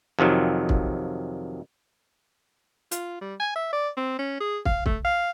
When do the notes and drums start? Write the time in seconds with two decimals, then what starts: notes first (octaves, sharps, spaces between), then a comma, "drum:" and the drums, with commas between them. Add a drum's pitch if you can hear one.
0.19 F2 C3 D#3 F#3
0.69 drum: kick
2.91 F4, drum: hi-hat
3.21 G3
3.40 G#5
3.55 E5
3.73 D5
3.97 C4
4.19 C#4
4.40 G#4
4.65 F5, drum: kick
4.86 A3, drum: kick
5.04 F5